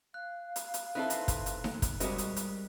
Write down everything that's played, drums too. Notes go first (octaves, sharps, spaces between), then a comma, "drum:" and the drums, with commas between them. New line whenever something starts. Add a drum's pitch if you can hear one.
F5 F#6
drum: hi-hat
drum: hi-hat
C4 D#4 E4 A4 B4 F#6
drum: hi-hat
drum: kick, hi-hat
drum: hi-hat
drum: snare D#4
drum: kick, hi-hat
G3 G#3 C4 F#4 A#4 D#5, drum: hi-hat
drum: hi-hat
drum: hi-hat